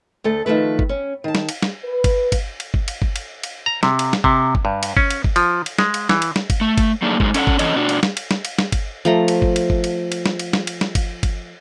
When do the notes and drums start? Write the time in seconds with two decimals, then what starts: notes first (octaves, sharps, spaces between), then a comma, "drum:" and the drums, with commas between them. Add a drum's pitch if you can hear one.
0.24 D2 A3 A4
0.46 D#3 F3 A3 B4
0.79 drum: kick G1
0.89 C#4
1.24 D#3 A5
1.35 drum: snare
1.49 drum: cymbal
1.62 drum: snare
1.85 B4
2.04 drum: kick G1, cymbal
2.32 drum: kick G1, cymbal
2.60 drum: cymbal
2.74 drum: kick G1
2.88 drum: cymbal
3.02 drum: kick G1
3.16 drum: cymbal
3.43 drum: cymbal
3.66 A#5
3.83 C3, drum: snare
3.99 drum: cymbal
4.13 drum: snare
4.24 C3, drum: kick G1
4.55 drum: kick G1
4.65 G2
4.83 drum: cymbal
4.97 C#4, drum: kick G1
5.10 drum: cymbal
5.24 drum: kick G1
5.36 F3, drum: cymbal
5.66 drum: cymbal
5.78 G#3, drum: snare
5.94 drum: cymbal
6.09 E3, drum: snare
6.22 drum: cymbal
6.36 drum: snare
6.50 drum: kick G1, cymbal
6.61 A3
6.78 drum: kick G1, cymbal
7.02 F#3 A3 A#3 D4 D#4 G#4
7.20 G#2 F#3 G#3 A3, drum: kick G1
7.34 C#4 A4 E5 F#5, drum: cymbal
7.47 drum: kick G1
7.59 E3 C#4 A4 C#5 D#5, drum: cymbal
7.76 B2 D4 F#4
7.89 drum: cymbal
8.03 drum: snare
8.17 drum: cymbal
8.31 drum: snare
8.45 drum: cymbal
8.59 drum: snare
8.72 drum: kick G1, cymbal
9.05 F3 A3 A#5
9.28 drum: cymbal
9.42 drum: kick G1
9.56 drum: cymbal
9.70 drum: kick G1
9.84 drum: cymbal
10.12 drum: cymbal
10.26 drum: snare
10.39 drum: cymbal
10.53 drum: snare
10.67 drum: cymbal
10.81 drum: snare
10.95 drum: kick G1, cymbal
11.23 drum: kick G1, cymbal